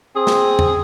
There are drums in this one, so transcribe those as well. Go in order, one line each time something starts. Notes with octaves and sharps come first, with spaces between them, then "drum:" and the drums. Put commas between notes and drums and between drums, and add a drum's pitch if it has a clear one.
C4 G#4
drum: snare
drum: tom E2